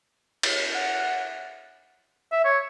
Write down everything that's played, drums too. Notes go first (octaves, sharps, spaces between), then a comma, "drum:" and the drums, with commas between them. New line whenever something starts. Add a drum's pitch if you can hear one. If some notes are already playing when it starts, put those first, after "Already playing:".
drum: cymbal
F#5
E5
C#5